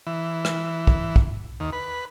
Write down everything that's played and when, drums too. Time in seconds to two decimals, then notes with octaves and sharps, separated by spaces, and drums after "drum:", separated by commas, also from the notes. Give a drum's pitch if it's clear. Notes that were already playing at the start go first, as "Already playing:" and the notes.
0.07 E3
0.45 drum: rim click
0.87 drum: kick
1.16 drum: kick
1.60 D#2
1.73 B4